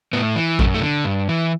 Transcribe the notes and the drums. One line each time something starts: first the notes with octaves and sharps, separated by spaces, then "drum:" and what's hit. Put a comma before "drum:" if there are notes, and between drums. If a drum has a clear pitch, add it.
A2 B3
E3
F#2 A3, drum: kick A#1
A3
D3
G2
E3